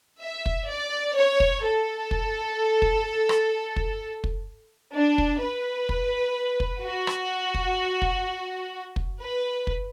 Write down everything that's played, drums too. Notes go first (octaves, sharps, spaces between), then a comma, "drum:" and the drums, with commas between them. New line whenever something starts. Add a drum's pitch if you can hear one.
E5
drum: kick
D5
C#5
drum: kick
A4
drum: kick
drum: kick
drum: rim click
drum: kick
drum: kick
D4
drum: kick
B4
drum: kick
drum: kick
F#4
drum: rim click
drum: kick
drum: kick
drum: kick
B4
drum: kick